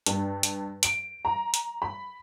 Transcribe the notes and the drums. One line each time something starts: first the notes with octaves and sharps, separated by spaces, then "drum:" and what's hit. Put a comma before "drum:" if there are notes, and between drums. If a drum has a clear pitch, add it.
G2, drum: hi-hat
drum: hi-hat
D7, drum: hi-hat
A#5
drum: hi-hat
B5